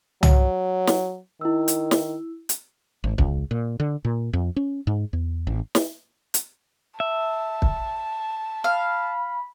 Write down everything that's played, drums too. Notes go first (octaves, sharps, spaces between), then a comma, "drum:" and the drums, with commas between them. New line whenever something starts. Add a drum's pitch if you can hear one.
F#3, drum: tom
drum: snare
D#3 E4 E6
drum: hi-hat
drum: snare
drum: hi-hat
G#1
C#2, drum: kick
A#2
D3
A#2
F2
C#4
G#2
E2
A1
drum: snare
drum: hi-hat
E5 A5
drum: kick
F5 B5